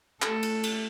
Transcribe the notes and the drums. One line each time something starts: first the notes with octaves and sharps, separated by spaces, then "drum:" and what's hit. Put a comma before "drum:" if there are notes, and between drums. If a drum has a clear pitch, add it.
A3 A4, drum: clap
drum: cymbal
drum: cymbal